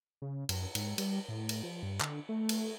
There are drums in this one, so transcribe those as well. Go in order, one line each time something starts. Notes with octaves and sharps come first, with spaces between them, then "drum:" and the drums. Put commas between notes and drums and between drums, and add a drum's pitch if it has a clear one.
C#3
F#2, drum: cymbal
G#2, drum: cymbal
G3, drum: cymbal
A2
drum: cymbal
F3
G2
D3, drum: clap
A3
drum: cymbal